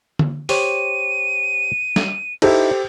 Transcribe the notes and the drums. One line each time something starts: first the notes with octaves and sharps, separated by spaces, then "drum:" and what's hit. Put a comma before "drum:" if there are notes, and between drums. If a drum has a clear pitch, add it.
drum: tom D3
G4 C5 C#5 D#7, drum: open hi-hat
drum: snare
D#4 E4 G4 A4 C5, drum: cymbal